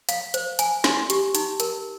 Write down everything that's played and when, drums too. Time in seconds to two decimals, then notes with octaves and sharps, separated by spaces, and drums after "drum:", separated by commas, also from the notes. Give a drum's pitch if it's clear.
0.09 F5, drum: hi-hat
0.34 C5, drum: hi-hat
0.59 G#5, drum: hi-hat
0.84 C6, drum: snare
1.10 G4, drum: hi-hat
1.35 D#4, drum: hi-hat
1.60 A#4, drum: hi-hat